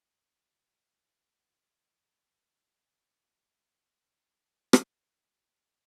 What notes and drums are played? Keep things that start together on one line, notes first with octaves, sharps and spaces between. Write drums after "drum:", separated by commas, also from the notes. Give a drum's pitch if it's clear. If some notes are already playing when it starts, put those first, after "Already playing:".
Already playing: D#2 C#3 F#3
C#3 E3 B3
E2 B2 A#3 E4
drum: rim click